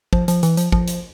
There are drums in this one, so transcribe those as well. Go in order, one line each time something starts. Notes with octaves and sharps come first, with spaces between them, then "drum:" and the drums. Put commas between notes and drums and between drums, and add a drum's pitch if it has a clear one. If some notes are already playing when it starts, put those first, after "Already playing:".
F3, drum: kick
F3, drum: hi-hat
E3, drum: hi-hat
F3, drum: hi-hat
F3, drum: kick
drum: hi-hat